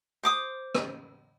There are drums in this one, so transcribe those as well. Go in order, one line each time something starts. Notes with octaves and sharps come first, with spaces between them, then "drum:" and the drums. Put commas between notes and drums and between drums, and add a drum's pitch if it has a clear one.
C5 D6 D#6
drum: rim click